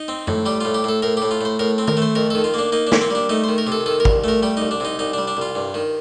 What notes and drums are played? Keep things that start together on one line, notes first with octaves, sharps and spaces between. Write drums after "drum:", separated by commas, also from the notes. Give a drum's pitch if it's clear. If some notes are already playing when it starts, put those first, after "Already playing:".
Already playing: D#4
C4
A2, drum: tom
G3 G4
A2 F4
G4
A2 A4
A2 A#4
A2 G4
F4
A2 C5
A2 A#4
C4
A#4, drum: tom
A3 C5
F2 A#4
D#3 A4
F4
A#3 D4
A#3 D#4
D4
A#3, drum: snare
C4
G3 D4
A3 D#4
D#3 C5
A#4
C3
A4
D#3 A4
A#4
C2, drum: kick
A3 A#4
G3 G4
C2 D#4
D4
C3 D#4
C2 D#4
G3 D4
D4
C2 F4
G2
D#3